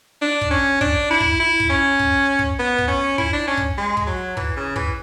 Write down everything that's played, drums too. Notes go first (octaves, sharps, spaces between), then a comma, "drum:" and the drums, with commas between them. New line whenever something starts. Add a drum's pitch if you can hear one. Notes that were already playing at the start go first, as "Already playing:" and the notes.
D4
drum: kick
C#4
D4, drum: kick
E4
drum: kick
E4
drum: kick
C#4
drum: kick
drum: kick
B3
drum: kick
C#4
E4, drum: kick
D4
C#4
drum: kick
G#3
drum: kick
F#3
E3, drum: kick
C#3
E3, drum: kick